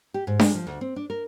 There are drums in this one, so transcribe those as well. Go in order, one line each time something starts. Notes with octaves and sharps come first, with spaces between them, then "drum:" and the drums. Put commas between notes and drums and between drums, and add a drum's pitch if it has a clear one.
G4
G#2
G#3, drum: snare D4
F3
D2
C4
D4
A#4